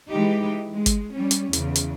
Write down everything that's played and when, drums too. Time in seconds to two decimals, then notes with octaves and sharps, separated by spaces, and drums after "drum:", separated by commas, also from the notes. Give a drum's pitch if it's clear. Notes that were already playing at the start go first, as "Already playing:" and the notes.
0.10 E3 G#3 D#4 G4
0.72 G#3
0.86 drum: kick G#1, hi-hat
1.13 G3 C#4
1.31 drum: hi-hat
1.53 E2 C#3, drum: hi-hat
1.76 drum: hi-hat